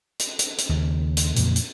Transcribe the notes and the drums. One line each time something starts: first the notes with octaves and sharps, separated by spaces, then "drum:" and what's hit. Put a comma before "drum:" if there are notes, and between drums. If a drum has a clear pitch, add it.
drum: hi-hat
drum: hi-hat
drum: hi-hat
D#2 C#3
drum: hi-hat
F2 A#2 C#3 E3, drum: hi-hat
drum: hi-hat